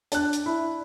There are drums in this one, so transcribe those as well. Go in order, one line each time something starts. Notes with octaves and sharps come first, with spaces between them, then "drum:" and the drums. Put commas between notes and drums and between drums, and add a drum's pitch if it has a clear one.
D4 A5 F#6, drum: hi-hat
drum: hi-hat
E4